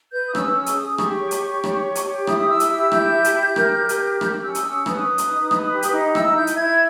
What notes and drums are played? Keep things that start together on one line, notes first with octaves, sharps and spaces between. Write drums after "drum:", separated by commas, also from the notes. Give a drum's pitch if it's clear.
B4 G6
D#6
C#4 E6, drum: rim click
G#4 E6
drum: hi-hat
G#4 D#6
G4 C#6, drum: rim click
C#5
drum: hi-hat
G4
C#5, drum: rim click
G4
drum: hi-hat
G4
E4 D#6, drum: rim click
E4 E6
drum: hi-hat
G4 E6
E4 G6, drum: rim click
G4
drum: hi-hat
G4
A#4, drum: rim click
G4
drum: hi-hat
A#4
G4 G6, drum: rim click
C#4 E6
D#6, drum: hi-hat
C#4 E6
B4 D#6, drum: rim click
B4
drum: hi-hat
D#4
B4, drum: rim click
G4
drum: hi-hat
D#4
E4 E6, drum: rim click
E4 G6
drum: hi-hat
E4 G#6